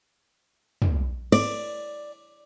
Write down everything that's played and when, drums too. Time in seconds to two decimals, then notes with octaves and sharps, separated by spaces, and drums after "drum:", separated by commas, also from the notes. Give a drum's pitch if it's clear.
0.82 drum: tom
1.32 D5, drum: cymbal